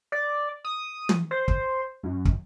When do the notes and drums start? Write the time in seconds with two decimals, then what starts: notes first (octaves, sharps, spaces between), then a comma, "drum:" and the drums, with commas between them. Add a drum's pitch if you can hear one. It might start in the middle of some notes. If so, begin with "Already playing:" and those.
0.12 D5
0.65 D#6
1.09 drum: tom
1.31 C5
1.48 drum: kick
2.04 F#2
2.25 drum: kick